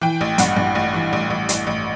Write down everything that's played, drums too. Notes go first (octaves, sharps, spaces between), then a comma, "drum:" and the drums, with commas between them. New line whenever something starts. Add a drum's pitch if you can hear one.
E3 G5
A1
G2 F#5, drum: hi-hat
G2
A1
E3
A1
A1
A1, drum: hi-hat
A1